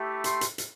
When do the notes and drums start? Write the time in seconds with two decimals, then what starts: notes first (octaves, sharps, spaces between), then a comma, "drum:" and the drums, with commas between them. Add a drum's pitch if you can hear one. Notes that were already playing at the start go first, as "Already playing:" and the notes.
Already playing: A3 E4 G4
0.24 C6, drum: hi-hat
0.41 drum: hi-hat
0.58 drum: hi-hat